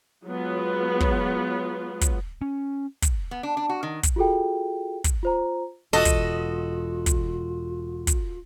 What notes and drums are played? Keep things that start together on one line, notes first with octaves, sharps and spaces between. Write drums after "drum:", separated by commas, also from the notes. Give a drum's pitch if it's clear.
F#3 G#3 B3 F4
drum: kick
drum: kick, hi-hat
C#4
drum: kick, hi-hat
B3
D4
D4
F#4
D#3
drum: kick, hi-hat
F4 F#4 G#4 A4 G5
drum: kick, hi-hat
F4 C5 A#5
E1 F4 F#4 A4 D#5
drum: kick, hi-hat
drum: kick, hi-hat
drum: kick, hi-hat